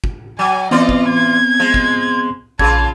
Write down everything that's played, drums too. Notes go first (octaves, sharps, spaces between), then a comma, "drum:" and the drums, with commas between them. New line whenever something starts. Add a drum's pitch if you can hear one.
drum: kick
F#3 G#5
E3 B3 C4 F4 D5 D#5
drum: kick
G#6
F3 G#3
drum: kick
A#1 C#3 F4 A5 G#6, drum: kick